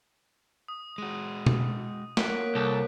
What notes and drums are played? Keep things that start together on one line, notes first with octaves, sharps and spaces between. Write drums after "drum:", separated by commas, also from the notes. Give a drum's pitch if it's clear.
D#6
G#3 F#4 D#7
drum: tom B2
A#3 F#4 C#5 F#6 B6 D7, drum: snare
C2 A4